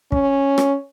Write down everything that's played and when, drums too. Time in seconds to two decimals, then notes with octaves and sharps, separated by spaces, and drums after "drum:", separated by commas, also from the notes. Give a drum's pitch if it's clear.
0.12 C#4, drum: kick
0.58 drum: rim click